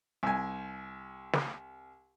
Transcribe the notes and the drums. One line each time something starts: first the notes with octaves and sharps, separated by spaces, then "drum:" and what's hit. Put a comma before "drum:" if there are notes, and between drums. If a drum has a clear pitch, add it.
C2 G#5
drum: snare